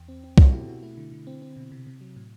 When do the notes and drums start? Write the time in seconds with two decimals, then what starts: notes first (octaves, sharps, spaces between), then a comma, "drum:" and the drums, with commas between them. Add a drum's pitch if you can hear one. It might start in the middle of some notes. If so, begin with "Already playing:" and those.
Already playing: E2 G5
0.08 C4
0.24 C4
0.38 C4 F#4 A4, drum: kick C2
0.52 B2 E4 G4
0.68 B2 F#4
0.83 A3 E4
0.97 D3
1.12 D3
1.27 C4
1.42 C4
1.57 B2
1.72 C3
1.87 C3
2.01 F#3
2.16 A2